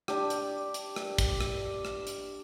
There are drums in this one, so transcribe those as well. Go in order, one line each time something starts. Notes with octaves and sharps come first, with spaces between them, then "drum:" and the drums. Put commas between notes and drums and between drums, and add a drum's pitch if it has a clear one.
D4 G4, drum: rim click
drum: hi-hat
drum: hi-hat
drum: rim click
drum: kick, hi-hat
drum: rim click
drum: rim click
drum: hi-hat